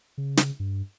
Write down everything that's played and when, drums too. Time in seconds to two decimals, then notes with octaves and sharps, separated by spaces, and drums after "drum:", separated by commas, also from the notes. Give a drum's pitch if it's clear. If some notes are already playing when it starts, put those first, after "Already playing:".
0.18 C#3
0.37 drum: snare
0.60 G2